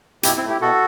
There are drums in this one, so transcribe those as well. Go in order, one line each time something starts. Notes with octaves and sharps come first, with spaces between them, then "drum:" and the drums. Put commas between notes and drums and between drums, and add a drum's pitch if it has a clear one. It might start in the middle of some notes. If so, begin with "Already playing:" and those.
B2 E4 G4, drum: hi-hat
C4 E4
A3
E4 G4
B2 F#4 A4